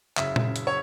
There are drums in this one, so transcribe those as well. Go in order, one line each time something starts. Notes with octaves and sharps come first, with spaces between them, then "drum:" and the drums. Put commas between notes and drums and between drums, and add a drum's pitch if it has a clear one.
F#1 F#2 C#3 E5, drum: clap
drum: tom A#2
drum: hi-hat
C#5